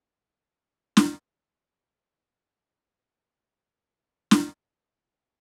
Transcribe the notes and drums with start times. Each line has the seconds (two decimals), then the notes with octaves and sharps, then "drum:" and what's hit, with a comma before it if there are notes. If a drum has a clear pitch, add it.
0.97 drum: snare
1.75 C#5 F#5
2.20 E4 B4 D#6
2.85 G3 A3 D4
4.31 drum: snare